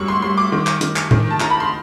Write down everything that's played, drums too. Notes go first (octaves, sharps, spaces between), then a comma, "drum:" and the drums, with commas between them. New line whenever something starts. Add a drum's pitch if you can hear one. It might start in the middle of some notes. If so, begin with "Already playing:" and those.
Already playing: F#2 G3 C#6
C6
G3 C6
D6
D#3
drum: clap
D#3, drum: hi-hat
drum: clap
D#3, drum: tom A2
A5
D#3 A#5, drum: clap
B5
C6